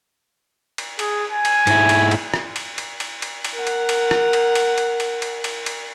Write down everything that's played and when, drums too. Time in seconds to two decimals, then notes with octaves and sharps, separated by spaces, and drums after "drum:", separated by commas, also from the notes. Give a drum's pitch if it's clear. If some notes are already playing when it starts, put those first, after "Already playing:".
0.78 drum: cymbal
0.99 G#4, drum: cymbal
1.31 G#5
1.45 drum: cymbal
1.67 G#2 E4, drum: cymbal
1.89 drum: cymbal
2.11 drum: cymbal
2.34 drum: rim click
2.56 drum: cymbal
2.78 drum: cymbal
3.00 drum: cymbal
3.22 drum: cymbal
3.44 drum: cymbal
3.54 A#4 F#5
3.67 drum: cymbal
3.89 drum: cymbal
4.11 drum: rim click
4.33 drum: cymbal
4.55 drum: cymbal
4.78 drum: cymbal
5.00 drum: cymbal
5.22 drum: cymbal
5.44 drum: cymbal
5.66 drum: cymbal